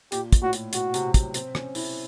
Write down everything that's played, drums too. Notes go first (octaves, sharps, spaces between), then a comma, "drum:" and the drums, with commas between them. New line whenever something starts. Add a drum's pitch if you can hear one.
A#2 G4, drum: hi-hat
drum: kick, hi-hat
A2 F#4
drum: hi-hat
B2 F#4, drum: hi-hat
C3, drum: hi-hat
F#3, drum: kick, hi-hat
C4, drum: hi-hat
C#4, drum: rim click
E4, drum: open hi-hat